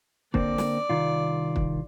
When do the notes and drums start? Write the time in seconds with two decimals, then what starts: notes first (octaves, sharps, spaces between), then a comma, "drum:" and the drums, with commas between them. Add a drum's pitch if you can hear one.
0.34 D3 A#3 C4 D5, drum: kick
0.58 drum: snare
0.90 C2 D#3 F4
1.56 drum: kick